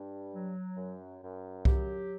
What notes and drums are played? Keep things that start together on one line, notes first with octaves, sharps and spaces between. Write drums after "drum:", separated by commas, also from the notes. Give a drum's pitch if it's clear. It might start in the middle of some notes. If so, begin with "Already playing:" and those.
Already playing: G2
F#3
F#2
F#2
F#3 G4, drum: kick C2